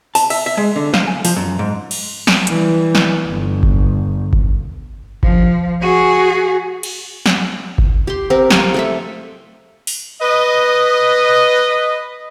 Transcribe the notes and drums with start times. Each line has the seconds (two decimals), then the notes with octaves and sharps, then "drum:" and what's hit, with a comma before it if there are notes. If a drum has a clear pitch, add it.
0.15 A5, drum: open hi-hat
0.30 E5, drum: cymbal
0.46 E5
0.57 G#3
0.76 D3
0.94 F5, drum: snare
1.07 G#5
1.25 F3, drum: open hi-hat
1.36 F#2
1.59 G#2
1.91 drum: cymbal
2.27 drum: snare
2.47 E3 G3, drum: hi-hat
2.95 drum: snare
3.28 G1
3.63 drum: kick G1
4.33 drum: kick G1
5.23 F3, drum: kick G1
5.82 F#4 G#4
6.83 drum: cymbal
7.26 drum: snare
7.78 drum: kick G1
8.07 G4 C6
8.30 C4 G4 A#4
8.50 F5 G5, drum: snare
8.74 A3 A4 E5
9.87 drum: open hi-hat
10.21 B4 D#5